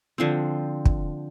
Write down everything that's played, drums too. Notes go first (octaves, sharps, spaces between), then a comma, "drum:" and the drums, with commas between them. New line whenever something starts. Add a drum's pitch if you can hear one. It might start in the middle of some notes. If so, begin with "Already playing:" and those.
D3 F3 C4
drum: kick